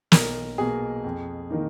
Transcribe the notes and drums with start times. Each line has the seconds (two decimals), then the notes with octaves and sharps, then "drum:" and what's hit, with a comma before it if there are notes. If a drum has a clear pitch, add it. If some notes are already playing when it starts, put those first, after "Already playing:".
0.12 B1 A#4, drum: snare
0.58 B2 A#3 G#4
1.04 F2
1.50 D#3 A#3 D#4